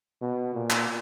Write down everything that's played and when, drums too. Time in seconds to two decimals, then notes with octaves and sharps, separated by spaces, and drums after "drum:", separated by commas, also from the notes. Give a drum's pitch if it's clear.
0.22 B2
0.54 A#2
0.70 drum: clap